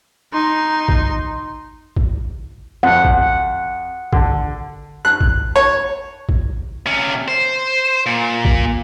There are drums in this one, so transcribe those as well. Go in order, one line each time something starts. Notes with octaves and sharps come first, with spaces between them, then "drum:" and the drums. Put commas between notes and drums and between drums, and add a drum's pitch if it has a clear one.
D#4 C6
drum: kick
drum: kick
F2 F#5
drum: kick
D3, drum: kick
F#6
drum: kick
C#5
drum: kick
C3 C#4
C5
A#2
drum: kick